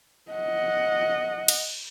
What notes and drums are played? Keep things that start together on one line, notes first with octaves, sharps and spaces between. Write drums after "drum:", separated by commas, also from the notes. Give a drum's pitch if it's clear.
D#5 F#5
drum: cymbal